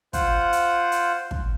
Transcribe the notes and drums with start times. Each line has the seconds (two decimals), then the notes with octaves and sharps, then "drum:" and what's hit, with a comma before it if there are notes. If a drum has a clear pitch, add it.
0.13 F4 C5 F#5, drum: kick, hi-hat
0.52 drum: hi-hat
0.92 drum: hi-hat
1.31 drum: kick